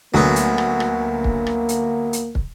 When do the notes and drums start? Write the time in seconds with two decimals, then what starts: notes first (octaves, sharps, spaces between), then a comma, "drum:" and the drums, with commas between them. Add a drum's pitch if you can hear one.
0.14 D2 D3 F#3 A#3 B3
0.36 drum: hi-hat
0.58 drum: rim click
0.80 drum: rim click
1.24 drum: kick
1.47 drum: rim click
1.69 drum: hi-hat
2.13 drum: hi-hat
2.35 drum: kick